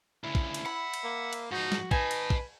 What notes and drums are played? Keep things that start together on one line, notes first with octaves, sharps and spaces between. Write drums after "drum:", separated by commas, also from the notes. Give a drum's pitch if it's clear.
D2 C#3 E4
drum: kick
drum: cymbal
E5 F#5 B5
drum: cymbal
A#3
drum: cymbal
G#2 F3 D#4 F#4
drum: snare
D#4 B4 D#5 G#5 A5, drum: kick
drum: cymbal
drum: kick